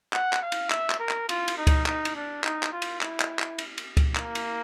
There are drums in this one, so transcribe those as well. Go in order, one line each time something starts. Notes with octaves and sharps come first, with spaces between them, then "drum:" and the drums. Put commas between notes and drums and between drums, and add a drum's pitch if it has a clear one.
F#5, drum: clap
drum: clap
F5
drum: cymbal
E5, drum: clap
drum: clap
A#4
drum: clap
F4, drum: cymbal
drum: cymbal
D#4
drum: kick C#2, cymbal
D#4, drum: clap
drum: cymbal
D4
D#4, drum: clap
drum: clap
F4
drum: cymbal
E4, drum: clap
drum: clap
drum: clap
drum: cymbal
drum: cymbal
drum: kick C#2, cymbal
A#3, drum: clap
drum: cymbal